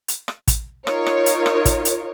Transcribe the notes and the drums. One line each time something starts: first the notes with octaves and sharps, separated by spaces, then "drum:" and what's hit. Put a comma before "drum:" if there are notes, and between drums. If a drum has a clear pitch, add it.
drum: hi-hat
drum: rim click
drum: kick, hi-hat
D#4 F4 A#4 C#5, drum: rim click
drum: rim click
drum: hi-hat
drum: rim click
drum: kick, hi-hat
drum: hi-hat